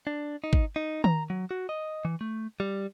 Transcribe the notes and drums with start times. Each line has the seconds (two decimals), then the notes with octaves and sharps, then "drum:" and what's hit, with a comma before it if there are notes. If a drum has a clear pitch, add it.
0.07 D4
0.44 D#4
0.53 drum: kick
0.76 D#4
1.04 A#5, drum: tom D#3
1.30 F#3
1.51 F#4
1.69 D#5
2.05 E3
2.21 A3
2.60 G3